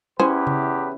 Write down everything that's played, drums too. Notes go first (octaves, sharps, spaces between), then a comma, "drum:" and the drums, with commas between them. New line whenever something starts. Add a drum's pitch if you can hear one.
E2 C#4 E4 G4 G#4 B4 C5
drum: tom C#3